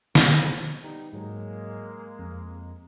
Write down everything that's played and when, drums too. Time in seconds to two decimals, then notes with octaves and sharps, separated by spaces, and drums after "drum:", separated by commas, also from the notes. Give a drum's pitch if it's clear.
0.15 F2, drum: snare
0.81 G3 B3 D#4
1.13 G#2 F#3 G#3 A#3
2.19 F2